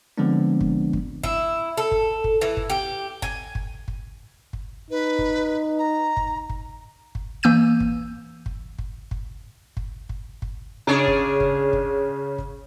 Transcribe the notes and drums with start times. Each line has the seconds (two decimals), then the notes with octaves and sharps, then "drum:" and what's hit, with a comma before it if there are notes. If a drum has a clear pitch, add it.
0.18 D3 F3 G#3 B3 C4 D4
0.61 drum: kick
0.93 drum: kick
1.24 E4, drum: kick
1.77 A4
1.91 drum: kick
2.24 drum: kick
2.41 E3
2.57 drum: kick
2.70 G4
3.22 G#5, drum: kick
3.55 drum: kick
3.88 drum: kick
4.53 drum: kick
4.91 D#4 B4
5.19 drum: kick
5.78 A#5
6.17 drum: kick
6.49 drum: kick
7.15 drum: kick
7.43 E3 A#3 E6 G6 D#7
7.80 drum: kick
8.46 drum: kick
8.79 drum: kick
9.11 drum: kick
9.77 drum: kick
10.09 drum: kick
10.42 drum: kick
10.87 C#3 D4 G#4 C#5
11.08 drum: kick
11.40 drum: kick
11.73 drum: kick
12.38 drum: kick